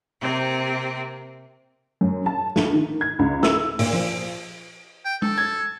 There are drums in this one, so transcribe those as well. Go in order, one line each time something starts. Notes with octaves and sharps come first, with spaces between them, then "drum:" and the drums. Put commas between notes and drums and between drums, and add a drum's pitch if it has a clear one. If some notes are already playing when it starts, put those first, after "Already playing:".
C3 A#3 C4
F#2
A5
A#1, drum: snare
D#3
G#6
C#2
E6, drum: snare
A#2, drum: open hi-hat
F3
G5
A4, drum: tom G#3
G#6